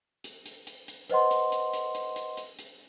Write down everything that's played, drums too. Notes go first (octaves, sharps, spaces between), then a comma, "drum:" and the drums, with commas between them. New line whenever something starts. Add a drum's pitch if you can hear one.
drum: hi-hat
drum: hi-hat
drum: hi-hat
drum: hi-hat
B4 C5 D#5 F#5 C6, drum: hi-hat
drum: hi-hat
drum: hi-hat
drum: hi-hat
drum: hi-hat
drum: hi-hat
drum: hi-hat
drum: hi-hat